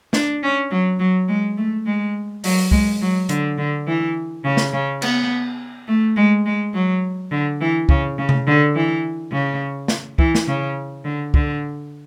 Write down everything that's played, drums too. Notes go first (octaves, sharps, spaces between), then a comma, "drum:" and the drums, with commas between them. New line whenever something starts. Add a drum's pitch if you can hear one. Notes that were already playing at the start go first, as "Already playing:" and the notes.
D4, drum: snare
C#4
F#3
F#3
G#3
A3
G#3
F#3, drum: open hi-hat
G#3, drum: kick
F#3
D3, drum: hi-hat
D3
E3
C#3
drum: snare
C#3
B3, drum: cymbal
A3
G#3
G#3
F#3
D3
E3
C#3, drum: kick
C#3
drum: tom C3
D3
E3
C#3
drum: snare
E3, drum: kick
drum: snare
C#3
D3
D3, drum: kick